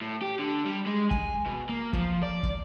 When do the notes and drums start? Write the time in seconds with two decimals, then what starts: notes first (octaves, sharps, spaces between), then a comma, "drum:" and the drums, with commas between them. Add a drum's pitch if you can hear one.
0.01 A2
0.22 G4
0.39 D3
0.66 G3
0.87 G#3
1.11 G#5, drum: kick
1.46 B2
1.69 A#3
1.93 F3, drum: kick
2.23 D5
2.43 drum: kick